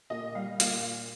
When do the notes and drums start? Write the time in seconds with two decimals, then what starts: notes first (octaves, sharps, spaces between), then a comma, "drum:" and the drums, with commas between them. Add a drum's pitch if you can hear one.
0.10 A#2 D#5
0.35 G3 F5
0.60 A#2 F5, drum: hi-hat